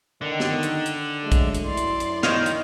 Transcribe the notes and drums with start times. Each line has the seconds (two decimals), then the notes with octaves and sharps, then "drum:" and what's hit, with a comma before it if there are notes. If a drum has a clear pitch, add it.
0.21 D3 D#3
0.40 drum: snare
0.63 drum: hi-hat
0.86 drum: hi-hat
1.23 F#3 G#3 A3
1.32 drum: kick A#1, hi-hat
1.55 drum: hi-hat
1.64 F#2 E4 D5 C6
1.77 drum: hi-hat
2.00 drum: hi-hat
2.23 D#3 C#5 D#5 F5, drum: snare
2.46 drum: hi-hat